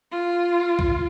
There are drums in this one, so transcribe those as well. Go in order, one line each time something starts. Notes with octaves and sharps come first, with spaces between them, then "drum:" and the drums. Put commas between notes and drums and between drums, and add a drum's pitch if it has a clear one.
F4
drum: kick